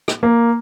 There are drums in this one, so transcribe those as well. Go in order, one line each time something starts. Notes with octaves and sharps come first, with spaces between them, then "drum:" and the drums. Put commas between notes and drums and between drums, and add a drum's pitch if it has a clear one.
drum: rim click
A#3